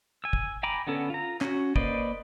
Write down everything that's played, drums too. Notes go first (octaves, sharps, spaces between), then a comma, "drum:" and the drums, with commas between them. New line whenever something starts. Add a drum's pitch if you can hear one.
G#5 E6
drum: kick
G5 G#5 A#5 B5 D6
D3 B3 C#4 A4
F4 A#5
C#4 F#4, drum: clap
A#3 B4 C5 D5 D#5, drum: kick